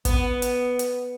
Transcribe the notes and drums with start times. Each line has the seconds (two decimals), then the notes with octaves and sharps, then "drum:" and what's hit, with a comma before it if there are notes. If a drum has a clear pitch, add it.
0.05 B3, drum: kick, hi-hat
0.42 drum: hi-hat
0.79 drum: hi-hat